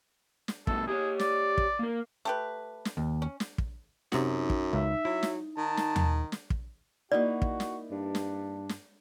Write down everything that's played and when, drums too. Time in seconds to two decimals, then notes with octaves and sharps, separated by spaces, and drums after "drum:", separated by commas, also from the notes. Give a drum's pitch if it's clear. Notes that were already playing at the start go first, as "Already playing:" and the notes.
0.48 drum: snare
0.67 G2 B2 A3 A4, drum: kick
0.88 G4 G#4 C#5
1.19 D5, drum: snare
1.58 drum: kick
1.79 A#3 A#4
2.25 A3 G4 B4
2.85 drum: snare
2.97 D#2
3.22 C#4
3.40 drum: snare
3.58 drum: kick
4.12 F#2 C3 D#4 F#4, drum: snare
4.50 drum: kick
4.73 C#2 E5
5.05 F#3 E4
5.23 drum: snare
5.57 D#3 A5
5.77 drum: snare
5.96 drum: tom
6.32 drum: snare
6.50 drum: kick
7.12 A#3 D#4 E4 F#4 D5
7.42 drum: kick
7.60 drum: snare
7.91 G2 D4
8.15 drum: snare
8.69 drum: snare